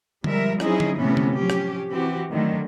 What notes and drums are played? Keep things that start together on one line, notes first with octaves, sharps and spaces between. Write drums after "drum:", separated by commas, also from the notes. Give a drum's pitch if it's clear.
F3 G3 G#3 A#4 E5, drum: tom D3
F#3 C4 C#4 D#4 E4 G#4, drum: rim click
drum: tom D3
A2 C3 E3 A3 B3 C#4
drum: tom D3
F3 F#3 C#4 G4
drum: rim click
E3 C4 F#4 G4
D3 D#3 F#3 A3